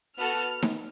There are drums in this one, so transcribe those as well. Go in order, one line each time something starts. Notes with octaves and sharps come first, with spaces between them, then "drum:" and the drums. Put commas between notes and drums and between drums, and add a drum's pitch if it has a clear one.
B3 F#4 A4 F6
drum: snare D#4